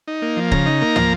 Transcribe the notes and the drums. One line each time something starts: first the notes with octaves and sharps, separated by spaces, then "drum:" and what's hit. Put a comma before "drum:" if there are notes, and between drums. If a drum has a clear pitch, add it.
D#4
A#3
F3
C#3 A#5, drum: kick
D#4
A#3
F3, drum: tom